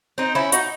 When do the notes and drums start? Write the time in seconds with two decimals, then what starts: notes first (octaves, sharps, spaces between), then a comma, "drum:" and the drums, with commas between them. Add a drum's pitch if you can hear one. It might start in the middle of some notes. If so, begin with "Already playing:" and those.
0.18 C4 D#4
0.35 C#4 E4
0.52 D#4 F#4, drum: hi-hat